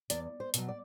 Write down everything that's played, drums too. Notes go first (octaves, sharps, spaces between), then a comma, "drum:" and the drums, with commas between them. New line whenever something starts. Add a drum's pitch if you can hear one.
E2 D5, drum: hi-hat
C5
B2 F#3, drum: hi-hat
D5